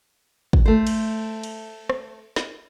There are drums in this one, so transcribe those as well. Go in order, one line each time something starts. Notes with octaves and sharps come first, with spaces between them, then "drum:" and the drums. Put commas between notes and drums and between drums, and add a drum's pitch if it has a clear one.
drum: kick
A3 C5
drum: cymbal
drum: cymbal
drum: rim click
drum: snare